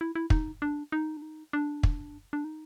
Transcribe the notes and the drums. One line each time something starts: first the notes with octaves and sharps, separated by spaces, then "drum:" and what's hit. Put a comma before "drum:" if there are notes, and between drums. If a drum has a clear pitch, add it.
E4
E4
D#4, drum: kick
D4
D#4
D4
D#4
D4
drum: kick
D4
D#4